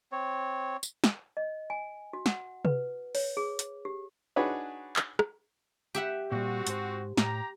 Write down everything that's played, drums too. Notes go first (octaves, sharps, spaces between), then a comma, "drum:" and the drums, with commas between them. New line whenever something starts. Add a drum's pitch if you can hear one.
C4 C#5
drum: tambourine
drum: snare
D#5
G#5
F#4
F#5, drum: snare
B4, drum: tom C3
C#5, drum: open hi-hat
G#4
drum: hi-hat
G4
D4 D#4 F#4 G#4 B4 C#5
drum: clap
drum: rim click
G4 E5 F#5
A#2 G3 C4 F#4
G#2 C5, drum: hi-hat
A2 G4 A#5, drum: snare